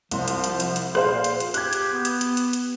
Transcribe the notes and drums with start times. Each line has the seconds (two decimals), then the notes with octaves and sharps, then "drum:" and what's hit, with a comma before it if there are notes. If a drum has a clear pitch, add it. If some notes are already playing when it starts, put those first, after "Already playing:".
0.11 C2 F3 C6, drum: hi-hat
0.28 drum: hi-hat
0.44 drum: hi-hat
0.60 drum: hi-hat
0.76 drum: hi-hat
0.95 A#2 G#4 C5 F5, drum: rim click
1.24 drum: hi-hat
1.40 drum: hi-hat
1.54 G4 F#6 G#6, drum: hi-hat
1.73 drum: hi-hat
1.93 B3
2.05 drum: hi-hat
2.21 drum: hi-hat
2.37 drum: hi-hat
2.53 drum: hi-hat